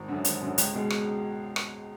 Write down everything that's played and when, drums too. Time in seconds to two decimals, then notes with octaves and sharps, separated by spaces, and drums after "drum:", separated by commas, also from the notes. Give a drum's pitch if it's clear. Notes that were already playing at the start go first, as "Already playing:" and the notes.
Already playing: G#1
0.08 F#2 D3
0.25 G#1, drum: hi-hat
0.42 F#2 D3
0.58 C#2, drum: hi-hat
0.74 B2 G#3
0.90 drum: rim click
1.56 drum: rim click